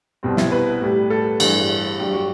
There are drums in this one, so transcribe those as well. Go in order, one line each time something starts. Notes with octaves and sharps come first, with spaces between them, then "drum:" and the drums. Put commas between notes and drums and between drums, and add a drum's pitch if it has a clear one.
C2 B2 G3 C4
E4, drum: snare
B4
A2 G3
A4
G2 E3 G3, drum: cymbal
G2 F#3 G4
F#4